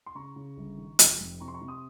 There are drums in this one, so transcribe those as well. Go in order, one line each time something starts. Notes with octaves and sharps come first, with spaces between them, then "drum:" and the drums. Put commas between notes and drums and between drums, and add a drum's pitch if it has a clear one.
C6
C#3 A#5 C#6
C#3
G1
D#3
F1, drum: hi-hat
F2
C3 A#5 C#6
C6
A#5 C#6
C3
C6 D#6